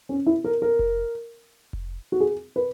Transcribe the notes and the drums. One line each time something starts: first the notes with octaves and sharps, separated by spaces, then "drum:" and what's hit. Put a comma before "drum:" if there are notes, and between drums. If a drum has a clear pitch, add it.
C#4
E4
A#4
A#4
drum: kick F1
drum: kick F1
F#4
G#4
B4